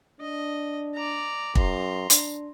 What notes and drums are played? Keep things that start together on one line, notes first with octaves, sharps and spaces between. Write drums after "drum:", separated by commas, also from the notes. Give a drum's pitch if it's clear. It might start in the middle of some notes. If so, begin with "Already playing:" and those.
D4 D#5
D5 A#5
F#2 A#5 C6, drum: kick
D4, drum: hi-hat